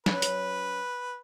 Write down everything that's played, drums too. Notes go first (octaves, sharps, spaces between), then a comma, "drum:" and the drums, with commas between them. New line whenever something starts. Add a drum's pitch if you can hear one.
F#3 C#4 B4, drum: snare
drum: hi-hat